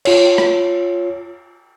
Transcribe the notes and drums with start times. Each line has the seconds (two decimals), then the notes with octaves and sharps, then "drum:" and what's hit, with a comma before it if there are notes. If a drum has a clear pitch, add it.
0.05 F4 C#5, drum: cymbal
0.38 drum: rim click